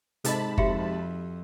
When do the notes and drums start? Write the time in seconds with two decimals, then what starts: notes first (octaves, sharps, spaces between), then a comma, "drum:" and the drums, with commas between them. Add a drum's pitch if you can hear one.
0.24 G#2 C3 A4 D#5 A5 B5, drum: hi-hat
0.58 F2 F#4 G4 E5, drum: kick